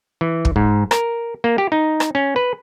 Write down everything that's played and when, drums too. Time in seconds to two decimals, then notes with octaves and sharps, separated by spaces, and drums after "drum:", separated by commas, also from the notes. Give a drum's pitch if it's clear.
0.21 E3
0.45 drum: kick
0.56 G#2
0.91 A#4, drum: rim click
1.44 A#3
1.58 G4
1.72 D#4
2.00 drum: rim click
2.15 C#4
2.36 B4